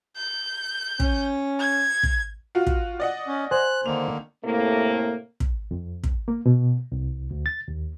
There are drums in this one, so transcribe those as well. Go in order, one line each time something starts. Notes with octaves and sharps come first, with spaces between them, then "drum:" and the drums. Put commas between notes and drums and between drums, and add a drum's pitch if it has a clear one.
G6
C#4, drum: kick
G#6
drum: kick
F4 F#4 F5
drum: kick
D5 D#5 F#5
C#4
C5 G#5 F#6
D3 D#3 A#3 F7
A2 C3 A3 A#3
drum: kick
F2
drum: kick
A#3
B2
C2
D2
A6
D#2